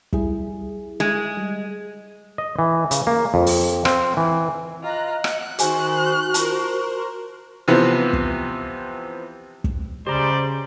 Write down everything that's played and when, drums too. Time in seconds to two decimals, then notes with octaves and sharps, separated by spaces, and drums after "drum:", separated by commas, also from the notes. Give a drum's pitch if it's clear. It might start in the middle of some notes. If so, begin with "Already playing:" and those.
0.13 G3 E4 G#4, drum: kick
1.00 G#3
1.37 G3
2.38 D#5
2.59 E3
2.91 C#3, drum: hi-hat
3.07 A#3
3.34 F2
3.46 drum: open hi-hat
3.85 C4, drum: rim click
4.17 E3
4.83 F4 D#5 A#5 F#6
5.24 F#5 F#6, drum: rim click
5.59 D#3 F#4 G#4 C5 G#5, drum: hi-hat
6.34 F4 A#4 C5 A5, drum: hi-hat
7.68 C3 E3 F3 B3 C4
8.13 drum: kick
9.64 drum: kick
10.07 C#3 G3 G#3 G4 C5 D5 A#5